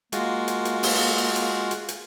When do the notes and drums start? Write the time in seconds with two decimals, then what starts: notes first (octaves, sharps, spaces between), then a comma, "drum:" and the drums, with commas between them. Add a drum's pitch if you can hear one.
0.12 G#3 A#3 F4 F#4, drum: hi-hat
0.48 drum: hi-hat
0.65 drum: hi-hat
0.83 drum: open hi-hat
1.18 drum: hi-hat
1.36 drum: hi-hat
1.71 drum: hi-hat
1.88 drum: hi-hat